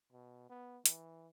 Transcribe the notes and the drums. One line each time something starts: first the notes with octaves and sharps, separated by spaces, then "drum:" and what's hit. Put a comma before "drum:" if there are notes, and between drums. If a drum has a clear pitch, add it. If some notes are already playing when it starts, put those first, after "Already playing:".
B2
B3
E3, drum: hi-hat